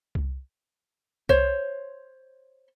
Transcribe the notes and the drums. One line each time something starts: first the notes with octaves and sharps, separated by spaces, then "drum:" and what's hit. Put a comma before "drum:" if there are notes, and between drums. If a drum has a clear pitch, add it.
drum: kick C2
C5 C#5, drum: kick C2